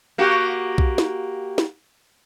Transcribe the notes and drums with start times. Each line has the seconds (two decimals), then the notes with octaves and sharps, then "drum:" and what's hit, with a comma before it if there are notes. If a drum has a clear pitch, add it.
0.18 A#3 F#4 G4
0.78 drum: kick B1
0.98 drum: snare
1.58 drum: snare